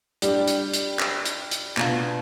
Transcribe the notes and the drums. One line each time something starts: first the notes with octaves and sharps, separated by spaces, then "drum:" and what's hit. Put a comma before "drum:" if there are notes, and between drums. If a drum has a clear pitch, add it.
G3 D4 G4, drum: hi-hat
drum: hi-hat
drum: hi-hat
drum: clap
drum: hi-hat
drum: hi-hat
B2 B3 D4 F4, drum: clap